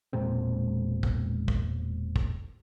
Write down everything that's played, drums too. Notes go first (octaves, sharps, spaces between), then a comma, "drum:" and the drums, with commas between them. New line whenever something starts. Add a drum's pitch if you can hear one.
E1 A#2 G#3 C4
drum: kick
drum: kick
drum: kick